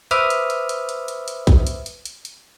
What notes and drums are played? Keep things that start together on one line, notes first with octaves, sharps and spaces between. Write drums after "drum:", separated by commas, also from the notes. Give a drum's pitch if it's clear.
B4 C5 E5 D6 D#6 F6, drum: hi-hat
drum: hi-hat
drum: hi-hat
drum: hi-hat
drum: hi-hat
drum: hi-hat
drum: hi-hat
drum: kick, hi-hat
drum: hi-hat
drum: hi-hat
drum: hi-hat
drum: hi-hat